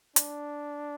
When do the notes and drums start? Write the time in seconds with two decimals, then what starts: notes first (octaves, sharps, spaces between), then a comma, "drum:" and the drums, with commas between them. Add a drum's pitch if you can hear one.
0.16 D4, drum: hi-hat